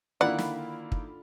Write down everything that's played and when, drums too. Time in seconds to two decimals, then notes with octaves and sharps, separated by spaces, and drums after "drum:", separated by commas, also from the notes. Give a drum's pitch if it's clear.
0.21 D3 D#3 A#3 E4 F4 D5 F#5 B5
0.39 drum: snare
0.92 drum: kick